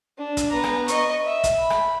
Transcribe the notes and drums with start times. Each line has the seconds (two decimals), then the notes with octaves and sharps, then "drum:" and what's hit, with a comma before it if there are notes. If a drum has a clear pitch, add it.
0.18 D4
0.37 drum: kick, hi-hat
0.50 B3 A#5
0.64 drum: rim click
0.88 D#5 C#6, drum: hi-hat
1.25 E5
1.44 drum: kick, hi-hat
1.59 B5
1.70 drum: rim click